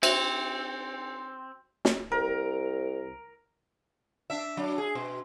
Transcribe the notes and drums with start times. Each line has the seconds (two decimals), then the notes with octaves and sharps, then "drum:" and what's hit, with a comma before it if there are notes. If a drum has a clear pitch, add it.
0.03 C4 F#4 C5 E5, drum: cymbal
1.85 drum: snare
2.12 C2 A#4
4.30 D4 E5
4.57 F#3 D4
4.78 G#4
4.95 B2